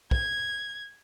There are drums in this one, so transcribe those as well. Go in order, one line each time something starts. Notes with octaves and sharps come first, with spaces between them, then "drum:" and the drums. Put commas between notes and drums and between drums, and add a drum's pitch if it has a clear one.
G#6, drum: kick